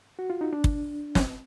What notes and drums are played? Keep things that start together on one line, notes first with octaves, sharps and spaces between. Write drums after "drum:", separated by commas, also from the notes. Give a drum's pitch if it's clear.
F#4
F4
D#4
D4
drum: kick
C#4, drum: snare
C4